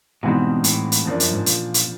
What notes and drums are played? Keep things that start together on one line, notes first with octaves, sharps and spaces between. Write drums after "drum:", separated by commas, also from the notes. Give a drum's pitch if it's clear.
G#2 B2 E3 G3 C4 D#4
A2, drum: hi-hat
drum: hi-hat
F2 C#3 F3 A#3 D4
F#2, drum: hi-hat
G#2
A#2, drum: hi-hat
drum: hi-hat